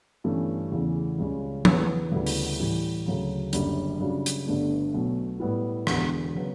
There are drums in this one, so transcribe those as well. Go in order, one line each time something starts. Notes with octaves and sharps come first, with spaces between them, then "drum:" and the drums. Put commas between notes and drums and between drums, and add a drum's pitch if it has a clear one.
G1 G2 E3 A3 C#4
E2 C#3 E3 A3 C#4
C#2 C#3 G3 C#4
E2 C#3 E3 B3, drum: tom
D2 C#3 G3 B3 E4
drum: open hi-hat
A2 E3 G3
D2 C#3 F#3
F#1 F#2 D3 G3, drum: hi-hat
F#2 C#3 G3 D4 F#4
drum: hi-hat
G1 G2 D3 A3 D4
B1 B2 F#3 A3
A2 G3 B3 E4
E1 E2 D3, drum: rim click
C#3 F#3 B3